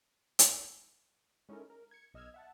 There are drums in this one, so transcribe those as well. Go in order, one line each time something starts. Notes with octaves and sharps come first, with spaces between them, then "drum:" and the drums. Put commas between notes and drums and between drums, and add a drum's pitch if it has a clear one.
drum: hi-hat
G#3 C#4 D#4 E4 A4 A#4
A#4
G#6 C#7
B1 D#5 E6 F6 G#6
E5 F#5 A5